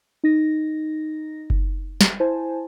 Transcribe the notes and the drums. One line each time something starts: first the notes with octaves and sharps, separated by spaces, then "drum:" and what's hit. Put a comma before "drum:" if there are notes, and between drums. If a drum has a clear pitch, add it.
D#4 A#6
drum: kick F#1
drum: snare
E4 C5 G#5 A5